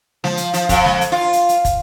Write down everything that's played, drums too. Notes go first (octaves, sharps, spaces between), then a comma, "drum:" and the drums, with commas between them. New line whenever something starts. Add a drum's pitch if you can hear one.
F3, drum: snare
drum: hi-hat
F3, drum: hi-hat
F2, drum: kick, hi-hat
drum: snare
drum: hi-hat
F4
drum: hi-hat
drum: hi-hat
drum: kick, hi-hat